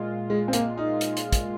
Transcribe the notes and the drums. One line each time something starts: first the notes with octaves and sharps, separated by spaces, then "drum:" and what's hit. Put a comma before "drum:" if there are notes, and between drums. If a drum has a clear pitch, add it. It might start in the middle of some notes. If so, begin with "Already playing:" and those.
Already playing: A#2 G#3 F4
G#3
C4
A#3, drum: hi-hat
D#4
drum: hi-hat
drum: hi-hat
drum: kick, hi-hat